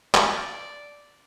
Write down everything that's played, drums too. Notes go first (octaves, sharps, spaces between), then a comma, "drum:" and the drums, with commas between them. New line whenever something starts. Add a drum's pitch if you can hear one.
D5 A5, drum: clap